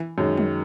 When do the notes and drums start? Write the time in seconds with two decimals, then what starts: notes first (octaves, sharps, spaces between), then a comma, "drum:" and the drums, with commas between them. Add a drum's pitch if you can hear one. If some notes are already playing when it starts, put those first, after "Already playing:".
Already playing: E3
0.18 F#2 D#3 G#3
0.38 drum: tom